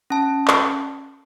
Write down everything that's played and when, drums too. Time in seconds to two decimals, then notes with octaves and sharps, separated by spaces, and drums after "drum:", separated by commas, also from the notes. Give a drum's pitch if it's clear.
0.10 C#4 A5
0.48 drum: clap